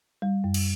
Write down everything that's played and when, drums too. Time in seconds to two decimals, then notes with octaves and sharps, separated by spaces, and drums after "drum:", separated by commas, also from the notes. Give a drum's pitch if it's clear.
0.22 G3
0.44 F#2
0.54 drum: cymbal